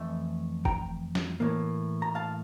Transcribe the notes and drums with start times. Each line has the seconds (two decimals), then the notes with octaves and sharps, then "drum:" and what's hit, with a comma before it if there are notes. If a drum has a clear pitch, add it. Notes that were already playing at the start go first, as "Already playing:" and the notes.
Already playing: F2 E3 A3 E5
0.65 G5 A#5, drum: kick F#1
1.15 drum: snare
1.40 A2 E3 A#3
2.02 A#5
2.15 F5 A5